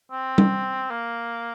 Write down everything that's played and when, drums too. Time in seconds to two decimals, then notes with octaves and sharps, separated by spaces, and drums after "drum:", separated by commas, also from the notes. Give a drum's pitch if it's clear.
0.11 C4
0.38 drum: tom G3
0.90 A#3